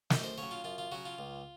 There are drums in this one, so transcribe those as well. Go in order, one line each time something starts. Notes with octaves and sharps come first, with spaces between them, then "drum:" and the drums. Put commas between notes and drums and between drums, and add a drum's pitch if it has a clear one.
F#2 D#5, drum: snare
C5
C#3 F#3 C#5
F4
F#2 F4
F4
C#3 F#3 F#4
F4
C#2